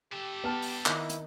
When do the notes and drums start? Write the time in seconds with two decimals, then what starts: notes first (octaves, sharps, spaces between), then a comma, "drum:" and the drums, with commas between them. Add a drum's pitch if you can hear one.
0.12 G3 G4 A4
0.44 B3 A5 F6
0.62 drum: open hi-hat
0.86 D#3 E4, drum: clap
1.10 drum: hi-hat